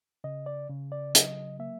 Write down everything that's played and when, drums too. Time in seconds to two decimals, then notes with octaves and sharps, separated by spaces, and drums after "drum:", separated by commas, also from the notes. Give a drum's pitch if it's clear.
0.24 C#3 D#5
0.46 D5
0.69 C#3
0.92 D5
1.15 F#3 D#5, drum: hi-hat
1.59 A#3 E5